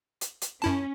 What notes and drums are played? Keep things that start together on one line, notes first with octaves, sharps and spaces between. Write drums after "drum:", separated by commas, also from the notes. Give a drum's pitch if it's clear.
drum: hi-hat
drum: hi-hat
F#2 C#4 E4 A5